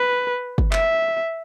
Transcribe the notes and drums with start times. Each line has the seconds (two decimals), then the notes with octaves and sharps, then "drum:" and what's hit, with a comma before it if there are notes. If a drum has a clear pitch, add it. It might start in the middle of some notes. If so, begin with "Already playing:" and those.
Already playing: B4
0.58 drum: kick
0.73 E5, drum: clap